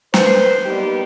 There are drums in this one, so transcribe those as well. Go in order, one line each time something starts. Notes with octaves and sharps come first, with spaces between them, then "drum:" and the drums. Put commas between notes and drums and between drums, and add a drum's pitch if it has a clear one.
B4 C5, drum: snare
G3 A#3 B3 D#4 G4